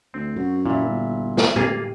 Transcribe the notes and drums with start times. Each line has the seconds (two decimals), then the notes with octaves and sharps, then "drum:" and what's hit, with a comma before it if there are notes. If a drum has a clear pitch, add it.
0.14 D2 C4
0.36 F#2 F#4
0.66 A#2 E4 E5
0.84 G1
1.37 drum: snare
1.56 A#3 F4 G4 G#4, drum: tom